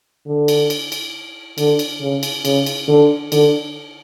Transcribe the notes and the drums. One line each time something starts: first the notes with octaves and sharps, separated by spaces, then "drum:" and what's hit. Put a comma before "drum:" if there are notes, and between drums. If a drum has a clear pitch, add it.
D3
drum: cymbal
drum: cymbal
drum: cymbal
D3, drum: cymbal
drum: cymbal
C#3
drum: cymbal
C#3, drum: cymbal
drum: cymbal
D3
D3, drum: cymbal